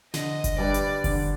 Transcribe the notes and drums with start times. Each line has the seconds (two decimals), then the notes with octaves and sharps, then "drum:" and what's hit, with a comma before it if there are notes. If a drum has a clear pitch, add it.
0.14 D3 D#5, drum: snare
0.44 drum: kick F#1, hi-hat
0.58 G3 D4 G4 B4 D5
0.74 drum: hi-hat
1.04 D3, drum: kick F#1, open hi-hat